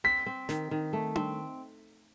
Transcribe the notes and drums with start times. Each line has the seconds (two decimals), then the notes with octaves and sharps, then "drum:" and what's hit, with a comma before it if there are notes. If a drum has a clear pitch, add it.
0.04 C4 B6
0.26 C4
0.49 D#3, drum: snare
0.71 D#3
0.93 A3
1.15 C4, drum: tom D4